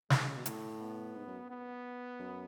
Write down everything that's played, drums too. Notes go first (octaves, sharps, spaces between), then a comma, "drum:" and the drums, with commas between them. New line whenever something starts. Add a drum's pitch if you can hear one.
E3 G#3, drum: snare
D#3
C#3
B2
A2 A3, drum: hi-hat
B3
G#2
F#2
B3
F#2